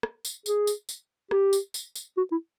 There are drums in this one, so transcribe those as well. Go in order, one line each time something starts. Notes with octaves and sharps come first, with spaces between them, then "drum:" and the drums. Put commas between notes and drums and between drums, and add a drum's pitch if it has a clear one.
drum: rim click
drum: tambourine
G#4, drum: tambourine
drum: tambourine
drum: tambourine
G4, drum: rim click
drum: tambourine
drum: tambourine
drum: tambourine
F#4
E4